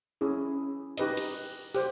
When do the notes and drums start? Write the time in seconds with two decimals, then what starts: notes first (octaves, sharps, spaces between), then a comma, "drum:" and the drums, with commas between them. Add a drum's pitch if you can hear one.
0.21 C#4 E4 G#4
0.98 D#4 G4 B4 D#5, drum: hi-hat
1.17 drum: cymbal
1.75 G4 C5, drum: tambourine